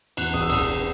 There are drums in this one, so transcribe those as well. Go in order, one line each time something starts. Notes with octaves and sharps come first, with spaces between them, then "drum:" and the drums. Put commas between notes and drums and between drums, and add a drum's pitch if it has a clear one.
E2 F#6, drum: cymbal
E1 D#6
E6
E1 D#6, drum: cymbal